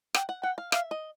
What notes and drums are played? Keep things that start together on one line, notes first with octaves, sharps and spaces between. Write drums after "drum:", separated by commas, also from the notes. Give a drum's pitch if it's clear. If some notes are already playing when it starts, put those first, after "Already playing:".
F#5 G5, drum: rim click
F#5
F#5 G5
F5
E5 F5, drum: rim click
D#5